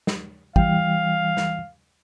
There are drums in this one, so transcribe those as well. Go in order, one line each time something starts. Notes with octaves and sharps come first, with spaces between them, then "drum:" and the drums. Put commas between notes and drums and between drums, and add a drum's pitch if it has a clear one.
drum: snare
E3 G3 F5 G5, drum: kick
drum: snare